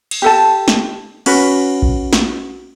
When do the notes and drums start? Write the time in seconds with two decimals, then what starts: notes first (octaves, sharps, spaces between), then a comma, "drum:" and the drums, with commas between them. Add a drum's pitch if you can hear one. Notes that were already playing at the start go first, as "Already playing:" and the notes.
0.11 drum: cymbal
0.22 G4 A4 A5
0.68 drum: snare
1.26 C#4 F#4 B4, drum: cymbal
1.82 drum: kick A#1
2.13 drum: snare